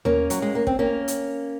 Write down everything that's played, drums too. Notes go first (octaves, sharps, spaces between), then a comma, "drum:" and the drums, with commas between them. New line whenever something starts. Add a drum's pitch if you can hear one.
A#3 C#4, drum: tom D#2
F#3, drum: hi-hat
G#3
A#3
C4, drum: kick
A#3 C#4
drum: hi-hat